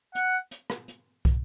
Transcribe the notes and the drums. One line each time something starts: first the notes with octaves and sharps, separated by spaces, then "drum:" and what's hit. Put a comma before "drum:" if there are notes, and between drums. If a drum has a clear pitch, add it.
F#5, drum: hi-hat
drum: hi-hat
drum: rim click
drum: hi-hat
drum: kick, hi-hat